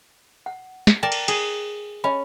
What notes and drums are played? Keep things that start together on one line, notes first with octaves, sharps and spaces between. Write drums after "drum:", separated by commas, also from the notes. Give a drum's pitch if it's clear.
F#5
drum: snare
A#4 D5 G5 A5
drum: cymbal
G#4, drum: cymbal
C#4 D#5 B5